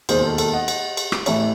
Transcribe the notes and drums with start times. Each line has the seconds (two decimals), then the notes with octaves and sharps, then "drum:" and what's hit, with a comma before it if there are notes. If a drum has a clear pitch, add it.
0.09 E1 D#2 D#3 G#4 C5, drum: cymbal
0.23 A4
0.38 A4, drum: cymbal
0.53 D#5 F#5
0.68 drum: cymbal
0.97 drum: cymbal
1.12 drum: rim click
1.26 A1 A2 E3 C#5 E5, drum: cymbal